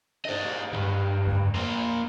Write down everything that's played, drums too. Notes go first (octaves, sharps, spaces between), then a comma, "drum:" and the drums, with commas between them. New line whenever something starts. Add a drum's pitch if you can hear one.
C5 D#5, drum: cymbal
C#2 G2
drum: tom F2
A#3 C5